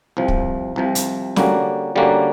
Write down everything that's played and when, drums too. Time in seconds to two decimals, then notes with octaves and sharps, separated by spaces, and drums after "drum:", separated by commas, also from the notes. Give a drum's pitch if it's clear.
0.17 C2 C3 F3
0.28 drum: kick
0.76 C2 C3 F3
0.95 drum: hi-hat
1.36 D3 G3 A#3 C#4 F#4, drum: snare
1.96 D3 G3 A#3 C#4 F#4